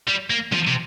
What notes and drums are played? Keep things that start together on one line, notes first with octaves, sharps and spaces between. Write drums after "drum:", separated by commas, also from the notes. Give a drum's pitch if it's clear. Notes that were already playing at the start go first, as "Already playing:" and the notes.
G3
A#3
F3, drum: tom E3
C3